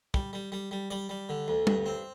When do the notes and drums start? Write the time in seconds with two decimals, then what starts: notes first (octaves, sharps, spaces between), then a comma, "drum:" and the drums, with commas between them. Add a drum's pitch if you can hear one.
0.14 G3, drum: kick
0.33 G3
0.52 G3
0.71 G3
0.90 G3 D5
1.09 G3
1.29 D3
1.48 D2
1.67 G2, drum: tom
1.86 C4